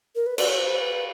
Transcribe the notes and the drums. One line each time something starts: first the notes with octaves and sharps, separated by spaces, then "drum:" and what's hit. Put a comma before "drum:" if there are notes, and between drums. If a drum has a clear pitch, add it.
A#4
B4
D5, drum: cymbal
C#5
C5
B4